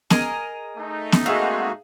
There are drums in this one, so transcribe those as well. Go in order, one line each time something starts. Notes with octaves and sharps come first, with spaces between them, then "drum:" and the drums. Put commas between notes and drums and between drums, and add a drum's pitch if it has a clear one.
G#4 A#4 D#5, drum: snare B3
A3 D#4
drum: snare B3
G#3 A#3 C4 F#4 G#4 E5 F5